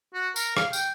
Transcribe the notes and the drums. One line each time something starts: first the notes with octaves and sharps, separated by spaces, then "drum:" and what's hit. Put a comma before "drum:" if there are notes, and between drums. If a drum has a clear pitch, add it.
F#4
A#4, drum: tambourine
F5, drum: rim click
G5, drum: tambourine